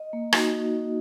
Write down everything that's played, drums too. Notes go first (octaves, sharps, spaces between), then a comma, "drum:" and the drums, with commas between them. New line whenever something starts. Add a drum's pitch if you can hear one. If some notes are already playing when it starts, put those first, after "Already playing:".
Already playing: D#5
A#3
D#4 F#4, drum: rim click